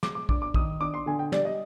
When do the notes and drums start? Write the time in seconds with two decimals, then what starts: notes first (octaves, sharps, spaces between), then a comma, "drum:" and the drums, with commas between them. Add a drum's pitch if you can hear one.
0.03 G#3 D6, drum: snare
0.15 D6
0.29 D4 D6, drum: kick
0.42 D6
0.54 D#3 D#6, drum: kick
0.80 D4 D6
0.94 C6
1.06 D3 G#5
1.19 G5
1.32 G3 D5, drum: snare
1.45 D#5